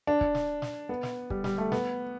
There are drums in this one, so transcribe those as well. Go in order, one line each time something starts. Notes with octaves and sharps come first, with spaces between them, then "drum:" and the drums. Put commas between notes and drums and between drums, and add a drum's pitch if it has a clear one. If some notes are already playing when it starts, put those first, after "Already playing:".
D4
drum: kick
drum: snare
drum: snare
B3
drum: snare
G3, drum: kick
G3, drum: snare
A3
B3, drum: snare